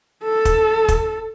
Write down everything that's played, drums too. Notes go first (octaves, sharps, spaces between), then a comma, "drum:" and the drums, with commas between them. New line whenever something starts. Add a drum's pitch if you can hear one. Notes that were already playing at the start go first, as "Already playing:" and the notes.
A4
drum: kick, hi-hat
drum: kick, hi-hat